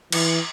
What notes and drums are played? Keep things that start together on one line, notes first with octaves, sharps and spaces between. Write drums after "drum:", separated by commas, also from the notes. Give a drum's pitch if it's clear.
E3, drum: cymbal